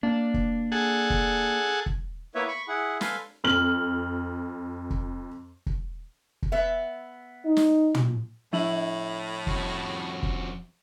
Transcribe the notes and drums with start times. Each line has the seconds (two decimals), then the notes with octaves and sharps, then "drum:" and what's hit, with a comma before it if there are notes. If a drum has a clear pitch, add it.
0.03 A#3 D4
0.34 drum: kick
0.72 G#4 A4 F#5
1.10 drum: kick
1.86 drum: kick
2.35 A#3 B3 E4 B4 C#5 E5
2.48 B5 C#6
2.68 E4 G#4 F#5
3.01 A4 B4 F5 G#5 B5 C6, drum: snare
3.44 F2 F6 F#7
4.90 drum: kick
5.66 drum: kick
6.42 drum: kick
6.52 B3 E5
7.46 D#4
7.57 drum: snare
7.95 drum: tom
8.53 A2 F3 E4 F#7
9.47 F2 F#4, drum: kick
10.23 drum: kick